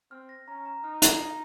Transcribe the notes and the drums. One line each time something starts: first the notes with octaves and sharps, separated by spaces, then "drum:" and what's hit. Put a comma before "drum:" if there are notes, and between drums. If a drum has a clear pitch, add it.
C4 F6
A#6
C#4 A#5
A#5
D#4 F6
A#6, drum: hi-hat
A#5